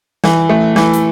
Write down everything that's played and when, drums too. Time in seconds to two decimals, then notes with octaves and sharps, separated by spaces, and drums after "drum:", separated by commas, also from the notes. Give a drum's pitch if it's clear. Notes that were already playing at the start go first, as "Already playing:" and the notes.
0.24 E3, drum: snare
0.49 A3
0.76 E3, drum: snare
0.93 drum: hi-hat